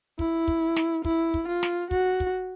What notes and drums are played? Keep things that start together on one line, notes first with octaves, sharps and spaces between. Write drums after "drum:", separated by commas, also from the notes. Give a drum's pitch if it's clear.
E4, drum: kick
drum: kick
drum: snare
E4, drum: kick
drum: kick
F4
drum: snare
F#4, drum: kick
drum: kick